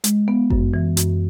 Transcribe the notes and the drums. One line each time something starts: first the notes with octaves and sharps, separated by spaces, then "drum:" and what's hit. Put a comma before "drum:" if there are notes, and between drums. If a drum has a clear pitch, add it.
G#3, drum: hi-hat
B3
F#2, drum: kick G1
E3
F#2, drum: hi-hat